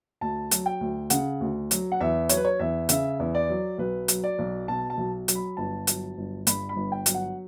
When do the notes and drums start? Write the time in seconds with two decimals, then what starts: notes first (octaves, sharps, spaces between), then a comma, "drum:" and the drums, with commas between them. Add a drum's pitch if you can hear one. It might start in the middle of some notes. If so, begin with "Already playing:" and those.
0.21 D2 A5
0.51 F#3, drum: hi-hat
0.66 G5
0.81 D2
1.10 C#3 F#5, drum: hi-hat
1.41 D2
1.71 F#3, drum: hi-hat
1.92 F#5
2.01 E2 E5
2.29 F#3 C#5, drum: hi-hat
2.37 B4
2.45 C#5
2.59 E2 E5
2.89 C#3 E5, drum: hi-hat
3.20 E2
3.35 D5
3.49 F#3
3.78 B1 B4
4.08 F#3, drum: hi-hat
4.24 D5
4.39 B1
4.68 B2 A5
4.90 A5
4.98 B1
5.28 F#3, drum: hi-hat
5.35 B5
5.57 G1 A5
5.87 F#3, drum: hi-hat
6.18 G1
6.47 G2 B5, drum: hi-hat
6.69 B5
6.76 G1
6.92 G5
7.06 F#3, drum: hi-hat
7.14 F#5